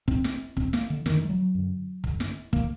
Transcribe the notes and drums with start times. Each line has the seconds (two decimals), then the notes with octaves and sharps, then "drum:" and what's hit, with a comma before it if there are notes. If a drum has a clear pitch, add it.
0.08 A2 C4, drum: kick
0.24 drum: snare
0.57 A2 C4, drum: kick
0.73 A#3, drum: snare
0.90 D3
1.06 F#2 D3 D#3, drum: snare
1.24 G3
1.30 F#3
1.55 F#2 D3
2.04 G2 D3, drum: kick
2.20 drum: snare
2.53 D3 A#3, drum: kick